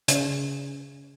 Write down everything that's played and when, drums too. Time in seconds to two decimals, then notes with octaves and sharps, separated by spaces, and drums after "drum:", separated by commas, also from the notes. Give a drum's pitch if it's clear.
0.08 C#3, drum: hi-hat